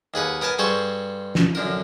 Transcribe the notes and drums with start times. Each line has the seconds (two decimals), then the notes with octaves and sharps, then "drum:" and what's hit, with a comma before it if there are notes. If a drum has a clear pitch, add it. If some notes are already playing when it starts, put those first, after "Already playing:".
0.14 D#2 G#4 B4 F#5
0.41 B3 A#4 G#5 A5
0.59 G2 G#4 A4 C5 C#6
1.35 drum: snare
1.55 F#2 D3 A#4